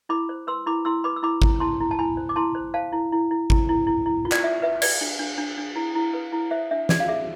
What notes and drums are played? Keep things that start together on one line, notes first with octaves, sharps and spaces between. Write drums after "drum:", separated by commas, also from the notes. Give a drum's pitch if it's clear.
E4 B5 D6
C5
B4 C6 E6
E4 B5 D6
E4 C6 E6
B4 B5 D6
E6
E4 B5 D6
E4, drum: kick G#1
E4 A5 C6
E4
A5
E4 G#5 B5
C5
D6
E4 A5 C6
C5
C5 F5 A5
E4
E4
E4
E4, drum: kick G#1
E4
E4
E4
F4
D5, drum: clap
F4 E5
B4 E5
B4 D5, drum: cymbal
D4
D4
D4
D4
E4
E4
B4
E4
C5 E5
D4 E5
G#4 D5, drum: snare
F5
G#4 E5